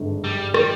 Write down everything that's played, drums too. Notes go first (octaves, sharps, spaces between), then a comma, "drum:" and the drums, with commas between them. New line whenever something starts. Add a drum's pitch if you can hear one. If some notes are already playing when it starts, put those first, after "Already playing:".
Already playing: G#1 G2 D3 G#3
G3
D#3 G3, drum: rim click